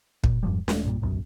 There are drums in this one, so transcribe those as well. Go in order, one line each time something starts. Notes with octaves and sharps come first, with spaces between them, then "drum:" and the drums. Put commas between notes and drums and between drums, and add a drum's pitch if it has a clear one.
A#2, drum: kick
F2 G#2 F3 G3
D#1 G#3 A3, drum: snare
B1 G2 A#2
D1 B1 F#2 B2